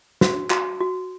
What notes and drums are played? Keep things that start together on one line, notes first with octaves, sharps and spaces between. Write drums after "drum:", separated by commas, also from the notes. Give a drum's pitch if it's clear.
F#4, drum: snare
F#4, drum: clap
F#4